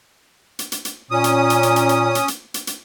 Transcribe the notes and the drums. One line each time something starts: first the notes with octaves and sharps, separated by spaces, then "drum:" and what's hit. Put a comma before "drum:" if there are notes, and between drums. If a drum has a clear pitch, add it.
drum: hi-hat
drum: hi-hat
drum: hi-hat
A#2 C#4 D#6
drum: hi-hat
drum: hi-hat
drum: hi-hat
drum: hi-hat
drum: hi-hat
drum: hi-hat
drum: hi-hat
drum: hi-hat
drum: hi-hat